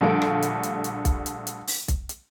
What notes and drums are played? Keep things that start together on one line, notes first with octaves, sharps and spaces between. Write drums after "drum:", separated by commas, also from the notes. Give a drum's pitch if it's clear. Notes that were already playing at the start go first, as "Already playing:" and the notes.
A#1 D3 G3 A3 F5 D7
drum: rim click
drum: hi-hat
drum: hi-hat
drum: hi-hat
drum: kick B1, hi-hat
drum: hi-hat
drum: hi-hat
drum: open hi-hat
drum: kick B1, hi-hat
drum: hi-hat